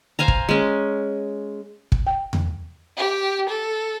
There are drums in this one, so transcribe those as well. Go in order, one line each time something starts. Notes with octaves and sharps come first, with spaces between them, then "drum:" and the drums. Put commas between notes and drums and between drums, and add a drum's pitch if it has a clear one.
C5 F5 G#5 A#5
drum: kick
G#3 C#4
drum: kick
G5
drum: tom E2
G4
A4